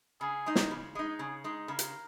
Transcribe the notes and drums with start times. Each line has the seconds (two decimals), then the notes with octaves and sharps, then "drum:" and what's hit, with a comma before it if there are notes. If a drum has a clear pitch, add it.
0.21 C#3 G#4
0.46 G#3 D#4
0.56 drum: snare
0.71 C#3
0.95 G#3 D#4
1.19 C#3 G#4
1.44 G#3 D#4
1.68 C#3 A#4
1.79 drum: hi-hat